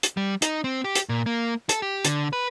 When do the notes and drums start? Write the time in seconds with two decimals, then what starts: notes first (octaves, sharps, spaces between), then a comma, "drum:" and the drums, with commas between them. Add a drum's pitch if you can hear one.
0.03 drum: hi-hat
0.17 G3
0.42 D#4, drum: hi-hat
0.64 C4
0.84 G4
0.95 drum: hi-hat
1.09 A#2
1.26 A#3
1.69 A4, drum: hi-hat
1.82 G4
2.05 D3, drum: hi-hat
2.33 B4